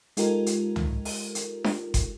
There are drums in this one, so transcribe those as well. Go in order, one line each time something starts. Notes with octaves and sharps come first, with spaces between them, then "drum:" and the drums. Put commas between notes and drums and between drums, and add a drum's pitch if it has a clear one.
G#3 D#4 F4 G4 A4 A#4, drum: hi-hat
drum: hi-hat
drum: tom
drum: open hi-hat
drum: hi-hat
drum: snare D4
drum: kick F#1, hi-hat